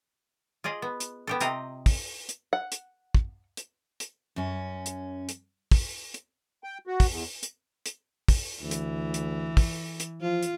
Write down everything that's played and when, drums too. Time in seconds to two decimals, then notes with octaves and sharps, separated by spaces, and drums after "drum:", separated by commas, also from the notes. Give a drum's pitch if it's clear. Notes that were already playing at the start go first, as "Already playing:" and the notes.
0.64 F4 G#4 D5 D#5
0.82 B3
1.00 drum: hi-hat
1.27 B3 G4 A4
1.41 C3 C4 F4 G4 D#5 A#5, drum: hi-hat
1.86 drum: kick, open hi-hat
2.29 drum: hi-hat
2.53 F#5
2.72 drum: hi-hat
3.15 drum: kick
3.57 drum: hi-hat
4.00 drum: hi-hat
4.36 F#2 C#4
4.86 drum: hi-hat
5.29 drum: hi-hat
5.71 drum: kick, open hi-hat
6.14 drum: hi-hat
6.64 G5
6.87 F#4
7.00 drum: kick, open hi-hat
7.09 E2
7.43 drum: hi-hat
7.86 drum: hi-hat
8.28 drum: kick, open hi-hat
8.62 D2 E3
8.71 drum: hi-hat
9.14 drum: hi-hat
9.57 drum: kick, open hi-hat
10.00 drum: hi-hat
10.21 F3 F4
10.43 drum: hi-hat